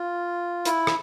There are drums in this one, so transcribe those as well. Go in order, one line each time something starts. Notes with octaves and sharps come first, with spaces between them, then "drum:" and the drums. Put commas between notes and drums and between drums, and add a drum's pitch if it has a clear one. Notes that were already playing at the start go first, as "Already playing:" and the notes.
Already playing: F4
E4, drum: hi-hat
drum: rim click